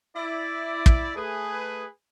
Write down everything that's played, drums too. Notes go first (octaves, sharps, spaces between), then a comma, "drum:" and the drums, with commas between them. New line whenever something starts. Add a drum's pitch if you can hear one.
E4 D5
drum: kick
A3 G#4 B4